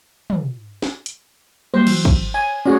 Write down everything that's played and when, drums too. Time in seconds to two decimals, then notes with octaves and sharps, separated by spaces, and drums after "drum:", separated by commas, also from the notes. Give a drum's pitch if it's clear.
0.30 drum: tom
0.82 drum: snare
1.06 drum: hi-hat
1.74 F#3 G3 A#3 C5
1.87 E3 F#3, drum: cymbal
2.05 drum: kick
2.34 C#5 G#5
2.66 A3 C#4 F#4 G#4 C#5 D5